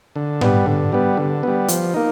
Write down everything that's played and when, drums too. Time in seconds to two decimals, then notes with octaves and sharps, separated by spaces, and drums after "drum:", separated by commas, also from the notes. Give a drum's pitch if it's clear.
0.16 D3
0.41 G3 B3, drum: tom G#2
0.66 D3
0.92 G3 B3
1.17 D3
1.43 G3 B3
1.68 F3, drum: hi-hat
1.94 A#3 D#4